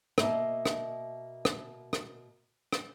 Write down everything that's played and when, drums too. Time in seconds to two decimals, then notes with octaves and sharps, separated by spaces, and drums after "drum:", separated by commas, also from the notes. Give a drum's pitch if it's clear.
0.18 B2 A3 A#3 D#5 E5, drum: rim click
0.66 drum: rim click
1.45 drum: rim click
1.93 drum: rim click
2.73 drum: rim click